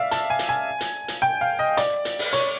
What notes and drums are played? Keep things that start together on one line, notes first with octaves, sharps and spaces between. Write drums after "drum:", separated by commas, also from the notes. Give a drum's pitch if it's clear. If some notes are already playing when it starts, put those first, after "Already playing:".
Already playing: D5 E5 F5
A5, drum: hi-hat
G#5
drum: hi-hat
G#5
drum: hi-hat
drum: hi-hat
G5
F5
D#5
D5, drum: hi-hat
drum: hi-hat
drum: open hi-hat
C#5, drum: hi-hat